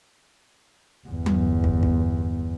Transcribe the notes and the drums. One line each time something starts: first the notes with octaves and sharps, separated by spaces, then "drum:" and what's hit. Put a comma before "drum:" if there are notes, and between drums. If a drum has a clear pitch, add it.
G1 E2
drum: tom F#3
drum: kick
drum: kick